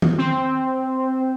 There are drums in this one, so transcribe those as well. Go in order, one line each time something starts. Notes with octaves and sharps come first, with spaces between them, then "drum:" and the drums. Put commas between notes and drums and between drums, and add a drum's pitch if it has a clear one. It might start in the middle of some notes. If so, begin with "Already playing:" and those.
drum: tom D#3
C4